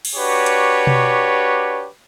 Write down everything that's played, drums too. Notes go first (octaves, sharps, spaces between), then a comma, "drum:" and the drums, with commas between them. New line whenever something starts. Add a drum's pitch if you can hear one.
drum: cymbal
D4 F#4 G4 B4 C#5
drum: hi-hat
drum: tom B2